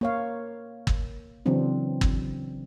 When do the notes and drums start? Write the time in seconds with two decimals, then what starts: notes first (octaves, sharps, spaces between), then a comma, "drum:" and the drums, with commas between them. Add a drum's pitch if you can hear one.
0.01 A#3 C#5 F5
0.87 drum: kick G1
1.46 C#3 E3 F#3 C4 D4
2.01 drum: kick G1